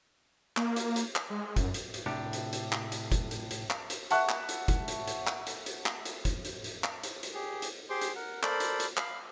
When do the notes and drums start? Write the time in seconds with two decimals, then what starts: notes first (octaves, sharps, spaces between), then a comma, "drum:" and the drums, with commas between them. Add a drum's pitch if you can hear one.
0.57 A#3, drum: clap
0.76 drum: hi-hat
0.96 drum: hi-hat
1.16 drum: clap
1.30 G#3
1.56 F#2, drum: kick, hi-hat
1.74 drum: hi-hat
1.94 drum: hi-hat
2.06 A2 C3 D4 G4
2.33 drum: hi-hat
2.53 drum: hi-hat
2.72 drum: clap
2.92 drum: hi-hat
3.12 drum: kick, hi-hat
3.31 drum: hi-hat
3.51 drum: hi-hat
3.70 drum: clap
3.90 drum: hi-hat
4.11 E5 F#5 A5 C#6 F#6, drum: hi-hat
4.29 drum: clap
4.49 drum: hi-hat
4.68 drum: kick, hi-hat
4.88 drum: hi-hat
5.08 drum: hi-hat
5.27 drum: clap
5.47 drum: hi-hat
5.66 drum: hi-hat
5.86 drum: clap
6.06 drum: hi-hat
6.25 drum: kick, hi-hat
6.45 drum: hi-hat
6.64 drum: hi-hat
6.84 drum: clap
7.03 drum: hi-hat
7.23 drum: hi-hat
7.34 G4 G#4
7.62 drum: hi-hat
7.90 G4 G#4 C5 C6 D6
8.01 drum: hi-hat
8.15 A#4 F#5
8.43 A4 A#4 C5 D5 B5, drum: clap
8.60 drum: hi-hat
8.80 drum: hi-hat
8.97 F5 B5, drum: clap